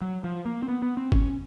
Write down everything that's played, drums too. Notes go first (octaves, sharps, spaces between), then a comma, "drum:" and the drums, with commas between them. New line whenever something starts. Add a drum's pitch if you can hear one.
F#3
F3
A#3
C4
B3
B3
C4
C#4, drum: kick G#1